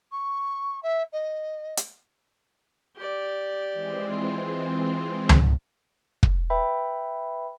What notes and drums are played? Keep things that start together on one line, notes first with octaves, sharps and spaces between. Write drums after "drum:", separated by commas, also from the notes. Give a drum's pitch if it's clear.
C#6
E5
D#5
drum: hi-hat
G4 D5
E3 G#3 C4
F4
drum: tom C#2
drum: kick
B4 E5 G5 B5